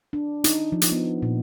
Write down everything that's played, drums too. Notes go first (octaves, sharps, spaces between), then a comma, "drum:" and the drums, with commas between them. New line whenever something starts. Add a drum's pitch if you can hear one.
D4
D#4, drum: hi-hat
F3
drum: hi-hat
B3
A#2